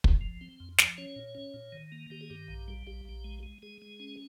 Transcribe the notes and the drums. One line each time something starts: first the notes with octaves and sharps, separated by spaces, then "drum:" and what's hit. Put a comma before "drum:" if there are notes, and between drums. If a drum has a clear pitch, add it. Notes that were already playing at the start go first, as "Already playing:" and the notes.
drum: kick
F3
C4
F2
F3, drum: snare
C#4 C#5
A#2
C#4
A#2
D#3
A#3
D#3 G4
G#4
G2 G4
A#1
G3
A#1 G4
A#1
G#3
G#3
G#3 G#4
G#3
C#4